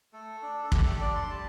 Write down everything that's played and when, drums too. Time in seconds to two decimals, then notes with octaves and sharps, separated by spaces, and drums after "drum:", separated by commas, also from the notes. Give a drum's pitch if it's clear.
0.13 A3 A4
0.42 D4
0.64 A4
0.72 A3 G4, drum: kick
0.86 A4
1.01 D4 D5
1.16 C6
1.30 G3 A5